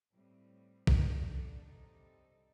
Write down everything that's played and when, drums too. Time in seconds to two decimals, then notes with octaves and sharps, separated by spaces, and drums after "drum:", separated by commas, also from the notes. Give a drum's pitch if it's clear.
0.11 A2 G3 C4
0.87 D3 G3 D4 A4, drum: kick
1.64 C3 G3 C4 D#4 A4